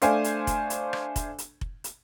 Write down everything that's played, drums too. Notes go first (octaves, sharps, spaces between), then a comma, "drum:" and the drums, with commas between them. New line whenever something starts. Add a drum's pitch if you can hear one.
A3 D4 C5 F5 G#5, drum: hi-hat
drum: hi-hat
drum: kick F1, hi-hat
drum: hi-hat
drum: rim click
drum: kick F1, hi-hat
drum: hi-hat
drum: kick F1
drum: hi-hat